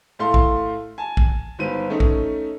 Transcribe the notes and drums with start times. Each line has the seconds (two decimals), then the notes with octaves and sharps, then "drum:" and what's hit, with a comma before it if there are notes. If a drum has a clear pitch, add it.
0.19 A2 A3 F5 C6
0.34 drum: kick
0.98 G#5 A5
1.17 drum: kick
1.59 G1 D#3 B4 C5 D#7
1.90 A3 C#4 D#4
2.00 drum: kick